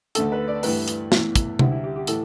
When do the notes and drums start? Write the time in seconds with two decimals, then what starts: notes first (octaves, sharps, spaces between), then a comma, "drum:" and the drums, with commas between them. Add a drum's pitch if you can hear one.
0.15 D2 D3 A3 A4, drum: hi-hat
0.32 B4
0.48 D5
0.63 G2 E3 A3 B4, drum: open hi-hat
0.88 drum: hi-hat
1.12 E2 E3 A3, drum: snare
1.35 drum: kick, hi-hat
1.59 D2 D3 G3 E4, drum: tom C3
1.71 E4
1.84 G4
1.96 G4
2.07 A2 E3 A4, drum: hi-hat